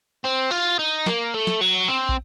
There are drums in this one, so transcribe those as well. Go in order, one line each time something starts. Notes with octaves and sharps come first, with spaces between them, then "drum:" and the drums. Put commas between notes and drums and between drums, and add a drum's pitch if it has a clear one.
C4
F4
D#4
A#3, drum: snare
A3
drum: snare
F#3
C4
drum: kick